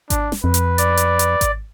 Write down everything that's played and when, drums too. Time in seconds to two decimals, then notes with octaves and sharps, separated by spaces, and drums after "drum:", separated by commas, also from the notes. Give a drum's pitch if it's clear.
0.10 D4, drum: kick G#1, hi-hat
0.32 drum: snare
0.44 F2 B4
0.54 drum: hi-hat
0.78 D5, drum: hi-hat
0.97 drum: hi-hat
1.19 drum: hi-hat
1.41 drum: kick G#1, hi-hat